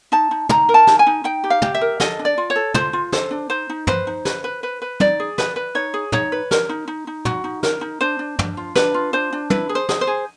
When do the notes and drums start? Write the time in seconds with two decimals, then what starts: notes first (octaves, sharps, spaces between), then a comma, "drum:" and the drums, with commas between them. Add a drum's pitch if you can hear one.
0.12 D#4 A5
0.31 D#4
0.49 D#4 A#5, drum: tom
0.69 A#4
0.74 A5
0.87 D#4, drum: snare
0.99 G#5
1.07 D#4
1.24 D#4 G5
1.44 G4
1.50 F5
1.62 G4, drum: tom
1.74 E5
1.81 A#4
2.00 A4 D#5, drum: snare
2.19 D4
2.25 D5
2.38 F4
2.50 C#5
2.56 A4
2.74 F4 C5, drum: tom
2.93 F4
3.12 A4 C5, drum: snare
3.31 D4
3.50 D#4 C5
3.69 D#4
3.87 B4 C5, drum: tom
4.07 D#4
4.25 B4, drum: snare
4.44 B4
4.63 B4
4.82 B4
5.00 D#4 D5, drum: tom
5.20 G#4
5.38 B4, drum: snare
5.56 B4
5.75 D#4 C#5
5.94 G#4
6.12 D#4 C#5, drum: tom
6.32 B4
6.51 A#4, drum: snare
6.69 D#4
6.88 D#4
7.07 D#4
7.25 F#4, drum: tom
7.44 D#4
7.63 A#4, drum: snare
7.81 D#4
8.01 D4 C5
8.19 D4
8.39 D4, drum: tom
8.57 F4
8.75 D4 B4, drum: snare
8.94 F4
9.13 D4 C5
9.33 D4
9.50 E4 B4, drum: tom
9.69 G#4
9.75 C5
9.89 G#4, drum: snare
10.01 C5
10.07 G#4